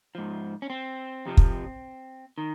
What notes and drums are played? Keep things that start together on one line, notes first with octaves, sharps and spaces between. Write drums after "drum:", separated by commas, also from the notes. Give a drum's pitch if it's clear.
G#2 F3
C#4
C4
F2 C3 F3
drum: kick
D#3